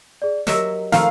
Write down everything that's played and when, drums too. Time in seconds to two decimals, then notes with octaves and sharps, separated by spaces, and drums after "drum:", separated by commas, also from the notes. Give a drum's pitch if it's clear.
0.22 G#4 D5
0.47 F#3 G4 A#4 D#5 E5, drum: snare
0.92 D#3 F3 A3 F5 A#5, drum: snare